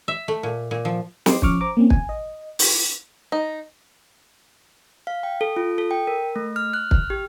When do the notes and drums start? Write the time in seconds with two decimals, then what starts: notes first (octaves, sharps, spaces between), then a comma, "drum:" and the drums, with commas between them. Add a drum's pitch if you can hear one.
0.08 E5
0.28 A3
0.43 A#2
0.71 A#2
0.85 F3
1.26 G4 D#5 C6 D6, drum: snare
1.42 F3 C#4 C#6 D6 F6, drum: kick
1.61 C5 A#5 D6
1.77 A#3 C4 C#4
1.90 G#5, drum: kick
2.09 D#5
2.59 drum: open hi-hat
3.32 D#4
5.07 F5
5.23 G5
5.41 A4
5.57 F4
5.78 A4
5.91 G5
6.07 A#4
6.36 A3
6.56 F6
6.73 F#6
6.91 F6, drum: kick
7.10 G4